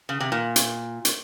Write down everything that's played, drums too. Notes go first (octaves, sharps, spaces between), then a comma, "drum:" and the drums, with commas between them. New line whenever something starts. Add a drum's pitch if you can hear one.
C#3
C3
A#2
drum: hi-hat
drum: hi-hat